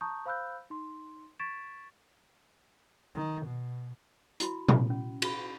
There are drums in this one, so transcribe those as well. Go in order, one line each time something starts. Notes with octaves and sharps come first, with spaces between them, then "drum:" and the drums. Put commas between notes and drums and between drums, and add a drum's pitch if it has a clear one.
A5 A#5 C#6 D#6 G6
C5 F5 B5 E6 F#6 G6
D#4 C6
C#6 G#6 A6 B6 D7 E7
D#3
B2
E4 F#4 B5, drum: hi-hat
drum: tom A#2
C#4
F#4 B5, drum: cymbal